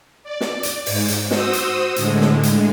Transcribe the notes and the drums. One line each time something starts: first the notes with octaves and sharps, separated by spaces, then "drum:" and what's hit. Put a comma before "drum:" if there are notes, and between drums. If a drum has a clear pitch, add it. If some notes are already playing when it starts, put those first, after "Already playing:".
D5
drum: snare
drum: hi-hat
G#2, drum: open hi-hat
drum: hi-hat
F#4 C5 D#6 E6, drum: snare
drum: hi-hat
A2 D3 G#3, drum: hi-hat
drum: snare
drum: hi-hat